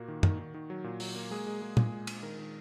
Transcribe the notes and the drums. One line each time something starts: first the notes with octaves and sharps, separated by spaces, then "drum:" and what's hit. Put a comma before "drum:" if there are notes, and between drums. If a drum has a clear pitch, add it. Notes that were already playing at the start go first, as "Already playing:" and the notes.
Already playing: A#2 A#3 F#4
D#3
D#3, drum: tom
D#3
D#3
F#3
A#2
F#3, drum: open hi-hat
A#3
G#3 G#4
G#3
G#3
A#2, drum: tom
G#3
G#3, drum: cymbal
D#3 A#4
D#3